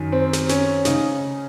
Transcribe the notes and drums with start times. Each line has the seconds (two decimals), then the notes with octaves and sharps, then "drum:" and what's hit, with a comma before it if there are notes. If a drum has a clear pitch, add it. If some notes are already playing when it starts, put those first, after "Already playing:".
Already playing: F#2 D#3
0.12 C4
0.33 drum: snare
0.49 C#4, drum: snare
0.85 C#3 D#4, drum: snare